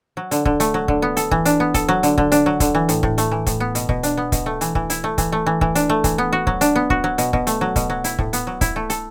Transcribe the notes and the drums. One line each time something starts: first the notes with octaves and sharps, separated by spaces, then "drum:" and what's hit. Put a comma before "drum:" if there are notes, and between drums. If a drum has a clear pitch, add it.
F#3
D3, drum: hi-hat
D3, drum: kick C#1
A3, drum: hi-hat
F#3
D3, drum: kick C#1
B3
A4, drum: hi-hat
E3, drum: kick C#1
D4, drum: hi-hat
B3
A4, drum: kick C#1, hi-hat
F#3
D3, drum: hi-hat
D3, drum: kick C#1
D4, drum: hi-hat
F#3
D3, drum: kick C#1, hi-hat
E3
A2, drum: hi-hat
A2, drum: kick C#1
A3, drum: hi-hat
E3
A2, drum: kick C#1, hi-hat
B3
B2, drum: hi-hat
B2, drum: kick C#1
D4, drum: hi-hat
B3
B2, drum: kick C#1, hi-hat
A3
E3, drum: hi-hat
E3, drum: kick C#1
E4, drum: hi-hat
A3
E3, drum: kick C#1, hi-hat
A3
E3
E3, drum: kick C#1
D4, drum: hi-hat
A3
E3, drum: kick C#1, hi-hat
B3
F#4
F#3, drum: kick C#1
D4, drum: hi-hat
B3
F#4, drum: kick C#1
F#3
B2, drum: hi-hat
B2, drum: kick C#1
A3, drum: hi-hat
F#3
B2, drum: kick C#1, hi-hat
F#3
E4, drum: hi-hat
A2, drum: kick C#1
B3, drum: hi-hat
F#3
E4, drum: kick C#1, hi-hat
A3
A4, drum: hi-hat